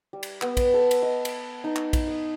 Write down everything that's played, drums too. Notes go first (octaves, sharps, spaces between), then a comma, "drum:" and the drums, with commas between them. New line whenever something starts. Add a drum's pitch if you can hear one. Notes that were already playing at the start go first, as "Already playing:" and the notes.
G3
drum: cymbal
B3, drum: clap
drum: kick A#1, cymbal
A4
drum: cymbal
D#5
drum: cymbal
D#4
drum: clap
drum: kick A#1, cymbal
D#6